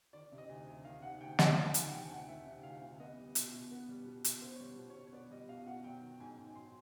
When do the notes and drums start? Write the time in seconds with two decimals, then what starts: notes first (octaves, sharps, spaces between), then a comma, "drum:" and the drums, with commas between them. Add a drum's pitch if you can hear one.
0.13 D#3 D5
0.32 C3
0.38 D#5
0.49 D2
0.67 D2
0.84 D#3 F5
1.02 C3 F#5
1.21 D2 G5
1.39 D2 G5, drum: snare
1.56 D#3 A5
1.74 C3 G#5, drum: hi-hat
1.87 F#5
1.92 D2 G5
2.10 D2 F#5
2.28 D#3 E5
2.46 C3
2.63 D2 F5
2.82 D2
3.00 B3 D#5
3.17 G3
3.35 B2, drum: hi-hat
3.53 B2
3.71 B3
3.89 G3
4.06 B2
4.24 B2, drum: hi-hat
4.41 B3 C5
4.56 G3 C#5
4.65 C5
4.78 B2
4.90 B2 C#5
5.07 C#5
5.13 B3 D5
5.31 G3 D#5
5.49 B2 F5
5.66 B2 F#5
5.84 F#3 G5
6.02 D#3
6.20 G#2 G#5
6.38 G#2
6.55 F#3 C6